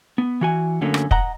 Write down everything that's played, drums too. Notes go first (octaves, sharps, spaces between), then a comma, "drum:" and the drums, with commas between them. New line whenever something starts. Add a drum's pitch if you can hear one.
B3
E3 F#4 G#5
F#2 D3 F#3 A3 A#3 C#4
drum: rim click
D#5 F#5 A#5, drum: kick